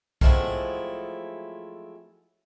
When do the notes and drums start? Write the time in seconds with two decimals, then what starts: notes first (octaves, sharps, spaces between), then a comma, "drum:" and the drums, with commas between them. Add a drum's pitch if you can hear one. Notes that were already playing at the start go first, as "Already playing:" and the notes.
0.21 F3 F#3 G#3 A3 C4 E4, drum: kick B1